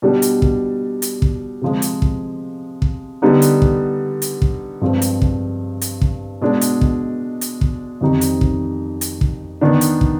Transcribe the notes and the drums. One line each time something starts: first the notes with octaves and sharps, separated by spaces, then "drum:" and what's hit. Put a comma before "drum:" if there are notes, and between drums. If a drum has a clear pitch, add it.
B2 G3 D4
drum: hi-hat
drum: kick
drum: hi-hat
drum: kick
C3 F3 G#3
drum: hi-hat
drum: kick
drum: kick
D3 G3 B3 D#4
drum: hi-hat
drum: kick
drum: hi-hat
drum: kick
G2 F3 G#3 C4
drum: hi-hat
drum: kick
drum: hi-hat
drum: kick
B2 G#3 D4
drum: hi-hat
drum: kick
drum: hi-hat
drum: kick
F2 D#3 G3 C4 D#4
drum: hi-hat
drum: kick
drum: hi-hat
drum: kick
D#3 B3 D4
drum: hi-hat
drum: kick